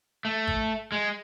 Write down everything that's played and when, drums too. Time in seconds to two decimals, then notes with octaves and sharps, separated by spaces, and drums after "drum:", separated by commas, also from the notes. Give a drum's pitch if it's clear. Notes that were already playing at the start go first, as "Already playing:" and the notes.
0.25 A3
0.47 drum: kick G#1
0.92 G#3